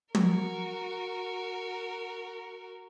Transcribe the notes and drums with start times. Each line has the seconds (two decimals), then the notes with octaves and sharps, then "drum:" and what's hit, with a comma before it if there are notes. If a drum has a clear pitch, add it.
0.15 F#4 A#4, drum: tom